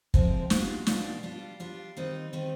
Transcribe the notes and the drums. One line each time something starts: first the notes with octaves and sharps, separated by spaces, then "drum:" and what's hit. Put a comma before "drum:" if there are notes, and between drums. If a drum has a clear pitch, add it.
C3 F3 G#3 C4, drum: kick
B2 G3 D4 F4, drum: snare
B2 G3 D4 F4, drum: snare
G3 D4 F4
G3 D4 F4
D#3 G3 C4 D#4
D#3 G3 C4 D#4